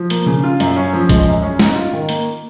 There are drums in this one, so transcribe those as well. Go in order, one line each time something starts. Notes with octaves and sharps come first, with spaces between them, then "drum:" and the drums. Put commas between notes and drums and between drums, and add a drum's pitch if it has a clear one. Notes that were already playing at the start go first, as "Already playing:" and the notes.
Already playing: F3
A#3, drum: hi-hat
C#3
F4
F#2, drum: hi-hat
C#4
F3
G#3, drum: kick B1, hi-hat
F#2
C#4
G#2, drum: snare
F4
D#3
A#3, drum: hi-hat